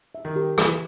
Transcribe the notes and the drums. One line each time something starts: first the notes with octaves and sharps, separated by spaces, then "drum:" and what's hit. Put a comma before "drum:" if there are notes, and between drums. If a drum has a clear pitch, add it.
E5
D#3
G4
E3 E5, drum: rim click